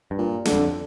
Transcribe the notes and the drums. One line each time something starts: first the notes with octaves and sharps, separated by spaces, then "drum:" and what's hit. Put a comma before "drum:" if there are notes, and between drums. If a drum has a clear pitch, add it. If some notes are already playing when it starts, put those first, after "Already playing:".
G2
A#2
D3, drum: snare
F2